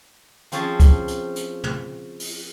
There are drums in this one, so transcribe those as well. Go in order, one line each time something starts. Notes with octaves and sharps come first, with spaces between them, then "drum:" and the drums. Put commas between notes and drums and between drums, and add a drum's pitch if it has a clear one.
F3 C4 C#4 G#4 A5, drum: hi-hat
drum: kick, hi-hat
drum: hi-hat
drum: hi-hat
drum: tom
drum: open hi-hat